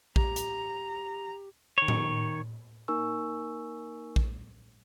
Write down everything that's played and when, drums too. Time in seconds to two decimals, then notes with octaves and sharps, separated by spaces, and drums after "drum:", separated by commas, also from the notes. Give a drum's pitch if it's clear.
0.16 G4 A#5, drum: kick A#1
0.36 drum: hi-hat
1.78 D#3 C#5
1.88 drum: tom A2
2.88 A#3 D#4 A#4 G#5 C#6 E6
4.16 drum: kick A#1